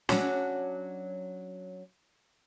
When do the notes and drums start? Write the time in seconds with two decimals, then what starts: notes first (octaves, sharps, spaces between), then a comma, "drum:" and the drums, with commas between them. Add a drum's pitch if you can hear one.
0.09 F#3 C#4 D4, drum: snare